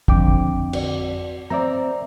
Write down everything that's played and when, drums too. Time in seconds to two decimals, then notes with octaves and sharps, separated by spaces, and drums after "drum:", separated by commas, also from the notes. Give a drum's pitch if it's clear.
0.08 F2 D3 G5 D6, drum: kick
0.73 F#4 D5, drum: cymbal
1.50 C4 A#4 D5 E5 A#5